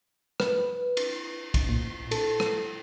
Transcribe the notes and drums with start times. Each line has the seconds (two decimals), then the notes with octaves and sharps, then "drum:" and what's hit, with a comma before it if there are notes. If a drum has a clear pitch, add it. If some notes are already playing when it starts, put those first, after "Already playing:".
0.40 B4, drum: rim click
0.97 drum: cymbal
1.54 drum: kick, cymbal
1.69 A#2
2.11 A4, drum: cymbal
2.40 drum: rim click